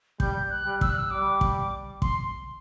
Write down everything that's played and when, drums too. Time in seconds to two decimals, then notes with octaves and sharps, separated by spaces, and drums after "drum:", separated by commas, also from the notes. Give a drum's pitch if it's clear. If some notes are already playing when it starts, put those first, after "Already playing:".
0.20 G3 G6, drum: kick
0.50 F#6
0.65 G3
0.81 E6, drum: kick
0.89 F#6
0.98 E6
1.11 G3 D6
1.41 drum: kick
2.02 C6, drum: kick